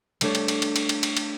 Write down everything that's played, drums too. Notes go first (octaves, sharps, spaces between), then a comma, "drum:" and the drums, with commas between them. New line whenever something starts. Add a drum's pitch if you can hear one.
G3 A3 D4 A4 C#5, drum: cymbal
drum: cymbal
drum: cymbal
drum: cymbal
drum: cymbal
drum: cymbal
drum: cymbal
drum: cymbal